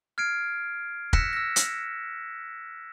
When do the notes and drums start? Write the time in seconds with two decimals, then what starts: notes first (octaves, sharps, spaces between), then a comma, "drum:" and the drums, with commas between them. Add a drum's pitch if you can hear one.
0.18 F6 G#6 C7 D7
1.13 E6 F#6 A#6 B6 C#7 E7, drum: kick
1.33 E6 A#6
1.56 drum: hi-hat